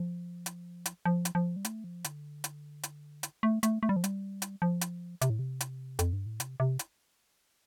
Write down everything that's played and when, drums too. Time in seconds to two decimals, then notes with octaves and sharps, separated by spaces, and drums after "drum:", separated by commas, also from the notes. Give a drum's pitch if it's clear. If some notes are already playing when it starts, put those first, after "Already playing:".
Already playing: F3
0.46 drum: hi-hat
0.86 drum: hi-hat
1.05 F3
1.25 drum: hi-hat
1.35 F3
1.56 G3
1.65 A3, drum: hi-hat
1.84 F3
2.04 D3, drum: hi-hat
2.44 drum: hi-hat
2.83 drum: hi-hat
3.23 drum: hi-hat
3.43 A3
3.63 A3, drum: hi-hat
3.83 A3
3.89 G3
3.96 F3
4.04 G3, drum: hi-hat
4.42 drum: hi-hat
4.62 F3
4.81 drum: hi-hat
5.21 C3, drum: hi-hat
5.30 A2
5.39 C3
5.61 drum: hi-hat
5.99 F2, drum: hi-hat
6.13 G2
6.26 A2
6.40 C3, drum: hi-hat
6.60 C3
6.79 drum: hi-hat